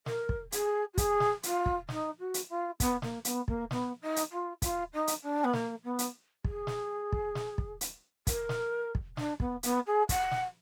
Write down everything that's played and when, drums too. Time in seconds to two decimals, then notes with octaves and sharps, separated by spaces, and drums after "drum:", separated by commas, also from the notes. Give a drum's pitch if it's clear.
0.06 A#4, drum: snare
0.29 drum: kick
0.52 G#4, drum: hi-hat
0.93 F#4
0.98 G#4, drum: kick, hi-hat
1.20 drum: snare
1.43 F4, drum: hi-hat
1.66 drum: kick
1.89 D#4, drum: snare
2.19 F#4
2.34 drum: hi-hat
2.49 F4
2.80 B3, drum: kick, hi-hat
3.02 A#3, drum: snare
3.25 B3, drum: hi-hat
3.48 A#3, drum: kick
3.71 B3, drum: snare
4.01 D#4
4.16 drum: hi-hat
4.32 F4
4.62 F4, drum: kick, hi-hat
4.92 D#4
5.07 drum: hi-hat
5.22 D4
5.44 B3
5.53 A#3, drum: snare
5.84 B3
5.99 drum: hi-hat
6.45 G#4, drum: kick
6.67 drum: snare
7.12 drum: kick
7.35 drum: snare
7.58 drum: kick
7.81 drum: hi-hat
8.27 A#4, drum: kick, hi-hat
8.49 drum: snare
8.95 drum: kick
9.17 D4, drum: snare
9.40 B3, drum: kick
9.63 B3, drum: hi-hat
9.86 G#4
10.09 F#5, drum: kick, hi-hat
10.31 drum: snare